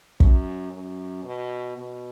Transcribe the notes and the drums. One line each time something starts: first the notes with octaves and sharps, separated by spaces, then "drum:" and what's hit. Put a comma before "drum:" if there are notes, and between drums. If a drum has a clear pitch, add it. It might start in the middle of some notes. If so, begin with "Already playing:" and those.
F#2, drum: kick
F#2
B2
B2